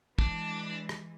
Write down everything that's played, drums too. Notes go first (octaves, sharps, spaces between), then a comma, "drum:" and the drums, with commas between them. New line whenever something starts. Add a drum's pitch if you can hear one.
E3 G#3 D4, drum: kick
drum: rim click